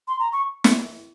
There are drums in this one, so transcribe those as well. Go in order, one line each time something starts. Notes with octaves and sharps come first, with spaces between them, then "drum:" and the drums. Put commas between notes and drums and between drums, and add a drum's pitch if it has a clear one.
C6
A#5
C#6
drum: snare